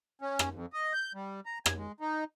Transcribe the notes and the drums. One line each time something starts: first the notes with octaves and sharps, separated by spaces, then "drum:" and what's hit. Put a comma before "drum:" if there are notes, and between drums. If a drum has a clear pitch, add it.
C#4
drum: rim click
F2
D#5
G6
G3
A#5
G#5, drum: rim click
G#3
D#4